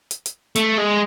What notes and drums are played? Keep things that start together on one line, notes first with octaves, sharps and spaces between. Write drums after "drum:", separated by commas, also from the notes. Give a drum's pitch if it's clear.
drum: hi-hat
drum: hi-hat
A3, drum: hi-hat
G#3